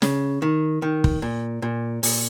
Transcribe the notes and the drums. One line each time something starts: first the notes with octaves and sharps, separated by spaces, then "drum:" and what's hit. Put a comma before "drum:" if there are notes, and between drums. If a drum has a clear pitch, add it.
C#3, drum: snare
D#3
D#3
drum: kick
A#2
A#2
A#2, drum: open hi-hat